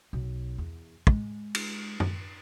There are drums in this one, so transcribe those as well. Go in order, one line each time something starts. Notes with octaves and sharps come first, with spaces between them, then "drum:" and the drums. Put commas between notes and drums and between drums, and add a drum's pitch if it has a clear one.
B1
E2
G#3, drum: kick
drum: cymbal
drum: tom F#2